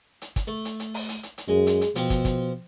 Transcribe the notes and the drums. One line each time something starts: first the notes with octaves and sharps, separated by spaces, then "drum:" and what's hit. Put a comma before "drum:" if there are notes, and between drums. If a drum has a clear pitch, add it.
drum: hi-hat
drum: kick, hi-hat
A3
drum: hi-hat
drum: hi-hat
drum: open hi-hat
drum: hi-hat
drum: hi-hat
drum: hi-hat
F#2 G#3
drum: hi-hat
drum: hi-hat
B2 F3 C4, drum: hi-hat
drum: kick, hi-hat
drum: kick, hi-hat